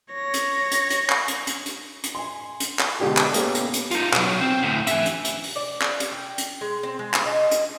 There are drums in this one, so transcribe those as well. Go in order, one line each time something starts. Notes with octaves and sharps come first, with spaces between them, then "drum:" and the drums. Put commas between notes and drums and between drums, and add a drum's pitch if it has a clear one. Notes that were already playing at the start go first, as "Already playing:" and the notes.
C#5 A#6
drum: hi-hat
drum: hi-hat
drum: hi-hat
drum: clap
drum: hi-hat
drum: hi-hat
drum: hi-hat
drum: hi-hat
G#5 C6
drum: hi-hat
drum: clap
B2 D3 G#3 D4 G4 G#4
drum: clap
A#3 B3 C#4 G4 A4, drum: hi-hat
drum: hi-hat
drum: hi-hat
D#4 F4, drum: hi-hat
B2 F#3, drum: clap
C4
D2 A2
E5 G#5, drum: hi-hat
drum: hi-hat
drum: hi-hat
drum: open hi-hat
D5
drum: clap
drum: hi-hat
G5
drum: hi-hat
G#3
C4
G#3
drum: clap
D#5
drum: hi-hat